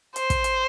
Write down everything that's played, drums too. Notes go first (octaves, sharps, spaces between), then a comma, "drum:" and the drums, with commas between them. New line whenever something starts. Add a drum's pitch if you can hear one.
C5, drum: hi-hat
drum: kick, hi-hat
drum: hi-hat